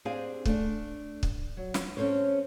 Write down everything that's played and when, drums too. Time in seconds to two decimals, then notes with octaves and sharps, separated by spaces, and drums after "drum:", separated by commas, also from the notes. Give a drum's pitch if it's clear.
0.05 C4 D4 G4 G#4 F5 G#5
0.45 A3 D4, drum: kick
1.23 drum: kick
1.57 F#3
1.74 drum: snare
1.97 C4 C#4 A4 C5 C#5